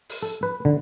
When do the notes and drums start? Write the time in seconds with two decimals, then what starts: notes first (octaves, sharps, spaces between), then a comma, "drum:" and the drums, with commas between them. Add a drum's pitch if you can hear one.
0.09 drum: open hi-hat
0.22 A4
0.43 B4
0.65 D3